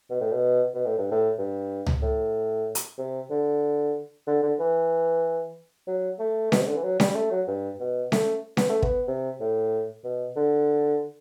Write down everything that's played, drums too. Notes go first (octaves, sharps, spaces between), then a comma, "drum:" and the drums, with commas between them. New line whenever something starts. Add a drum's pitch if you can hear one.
B2
A2
B2
B2
A2
G2
A2
G2
drum: tom C#2
A2
drum: hi-hat
C3
D3
D3
D3
E3
F#3
A3
B2, drum: snare C#4
C3
D3
E3
F#3
G3, drum: snare C#4
G3
A3
F#3
G2
B2
A3, drum: snare C#4
B3, drum: snare C#4
A3
B3, drum: kick
C3
A2
B2
D3